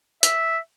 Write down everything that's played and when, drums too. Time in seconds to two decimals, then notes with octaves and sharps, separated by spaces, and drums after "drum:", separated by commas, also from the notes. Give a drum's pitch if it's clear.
0.23 E5, drum: hi-hat